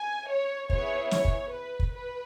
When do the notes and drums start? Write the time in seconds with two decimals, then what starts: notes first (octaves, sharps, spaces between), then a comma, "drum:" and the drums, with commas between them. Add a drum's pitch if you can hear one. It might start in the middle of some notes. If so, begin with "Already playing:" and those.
Already playing: G#5
0.29 C#5
0.70 B3 E4 G#4 C#5, drum: kick
1.11 C#5, drum: snare
1.25 drum: kick
1.52 B4
1.79 drum: kick
1.93 B4